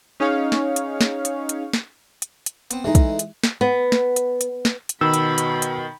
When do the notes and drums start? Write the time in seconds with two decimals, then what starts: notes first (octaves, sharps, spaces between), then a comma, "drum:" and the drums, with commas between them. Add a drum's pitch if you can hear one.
0.20 C#4 D#4 G#4 C#5 F5
0.52 drum: snare
0.76 drum: hi-hat
1.01 drum: snare
1.25 drum: hi-hat
1.49 drum: hi-hat
1.73 drum: snare
2.22 drum: hi-hat
2.46 drum: hi-hat
2.71 B3 C4, drum: hi-hat
2.84 E3 G#3 A3 D#4 G#4
2.95 drum: kick, hi-hat
3.19 drum: hi-hat
3.44 drum: snare
3.61 B3
3.92 drum: snare
4.16 drum: hi-hat
4.41 drum: hi-hat
4.65 drum: snare
4.89 drum: hi-hat
5.01 B2 D#3 B5 E6
5.14 drum: hi-hat
5.38 drum: hi-hat
5.62 drum: hi-hat